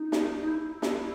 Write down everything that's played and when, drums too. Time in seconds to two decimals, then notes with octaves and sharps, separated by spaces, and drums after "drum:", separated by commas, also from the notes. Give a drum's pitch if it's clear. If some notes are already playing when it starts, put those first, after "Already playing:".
Already playing: D#4
0.12 drum: snare
0.37 D#4
0.47 E4
0.82 drum: snare